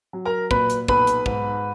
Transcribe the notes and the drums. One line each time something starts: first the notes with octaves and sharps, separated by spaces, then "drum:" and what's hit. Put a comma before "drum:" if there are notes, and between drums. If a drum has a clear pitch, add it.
F#3
A#4 A#5
A#2 B4 B5, drum: kick
drum: hi-hat
B1 B4 B5, drum: kick
drum: hi-hat
G#2, drum: kick